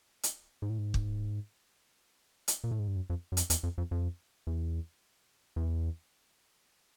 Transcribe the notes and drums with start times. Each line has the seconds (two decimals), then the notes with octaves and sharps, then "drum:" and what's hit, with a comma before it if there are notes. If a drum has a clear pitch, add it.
0.23 drum: hi-hat
0.62 G#2
0.70 A2
0.78 G#2
0.94 drum: kick
2.48 drum: hi-hat
2.64 A#2
2.71 A2
2.79 G#2
2.88 G2
2.96 F#2
3.10 F2
3.32 F#2
3.37 F2, drum: hi-hat
3.50 E2, drum: hi-hat
3.63 F2
3.78 F2
3.91 F2
4.47 E2
5.56 E2